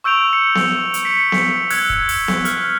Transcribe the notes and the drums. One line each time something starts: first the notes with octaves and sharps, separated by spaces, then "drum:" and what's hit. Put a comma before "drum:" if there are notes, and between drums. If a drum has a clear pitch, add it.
C#6 E6 G6 D7 F7 G7
C#7
drum: snare B3
drum: hi-hat
B6 C#7
drum: snare B3
E6 F#6 G#6, drum: open hi-hat
drum: kick
drum: open hi-hat
drum: snare B3
F6, drum: hi-hat